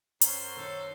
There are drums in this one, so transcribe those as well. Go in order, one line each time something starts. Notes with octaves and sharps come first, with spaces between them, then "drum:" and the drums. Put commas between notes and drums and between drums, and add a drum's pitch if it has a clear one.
F#2 C5 C6, drum: hi-hat
D#3 A4 C#5